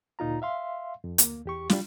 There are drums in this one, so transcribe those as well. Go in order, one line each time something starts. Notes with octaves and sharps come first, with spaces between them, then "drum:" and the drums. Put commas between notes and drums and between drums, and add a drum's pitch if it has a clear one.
D2 A#2 D#4 F4 A#5
E5 F5 C6
F2
D2 A#3, drum: hi-hat
E2 G4 C#6
G3 F4, drum: snare